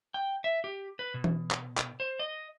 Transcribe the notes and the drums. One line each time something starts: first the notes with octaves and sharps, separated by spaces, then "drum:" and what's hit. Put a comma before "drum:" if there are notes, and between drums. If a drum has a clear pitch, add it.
G5
E5
G4
B4
B2
drum: tom E3
drum: clap
drum: clap
C5
D#5